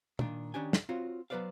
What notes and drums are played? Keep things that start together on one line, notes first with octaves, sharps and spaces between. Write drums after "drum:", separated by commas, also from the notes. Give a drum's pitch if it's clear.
A#2 D#3 D4, drum: tom
D#3 C#4 D4 G4 G#5
drum: snare
C4 F4 F#4 C#5
F#3 B3 B4 C5 D5 F5